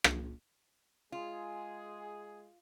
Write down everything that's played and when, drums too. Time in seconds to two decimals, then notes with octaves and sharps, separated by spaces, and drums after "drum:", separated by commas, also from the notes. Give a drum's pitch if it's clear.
0.04 drum: rim click
1.12 G#3 F4 G#4